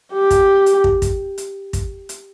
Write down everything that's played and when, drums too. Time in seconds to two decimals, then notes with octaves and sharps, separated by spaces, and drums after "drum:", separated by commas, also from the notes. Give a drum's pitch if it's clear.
0.13 G4
0.30 drum: kick, hi-hat
0.66 drum: hi-hat
0.84 drum: kick
1.02 drum: kick, hi-hat
1.38 drum: hi-hat
1.73 drum: kick, hi-hat
2.09 drum: hi-hat